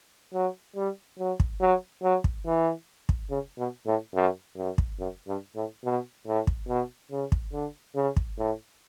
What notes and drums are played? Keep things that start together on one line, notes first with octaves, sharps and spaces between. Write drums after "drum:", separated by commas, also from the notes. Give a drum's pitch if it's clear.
F#3
G3
F#3
drum: kick
F#3
F#3
drum: kick
E3
drum: kick
C#3
B2
A2
F#2
F#2
drum: kick
F#2
G2
A2
B2
A2
drum: kick
B2
C#3
drum: kick
D3
C#3
drum: kick
A2